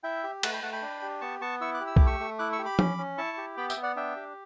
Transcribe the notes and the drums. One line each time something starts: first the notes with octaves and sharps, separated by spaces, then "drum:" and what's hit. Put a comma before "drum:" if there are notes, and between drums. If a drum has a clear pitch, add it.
E4 E5 G5
G4
A3 F#5 A5, drum: cymbal
G5 B5
A3 F#5 A5
G5 B5
D4
G4
B3 A5 C#6
B3 A5 C#6
E4 C#6 E6
D6 F#6
G4
E6
A3 D6, drum: kick
C#6 E6
A3
E4 D6 F#6
C#6 E6
G4
B5 D6
C#4, drum: tom F3
C#4
E4 A5 C#6
G4
B3 G5 B5
E5 G5, drum: tambourine
B3
D5 F#5
D4 E5 G5
G4